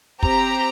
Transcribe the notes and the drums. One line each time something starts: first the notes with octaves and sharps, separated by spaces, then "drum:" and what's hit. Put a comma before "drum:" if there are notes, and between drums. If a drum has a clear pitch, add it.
C4 G4 A#5, drum: kick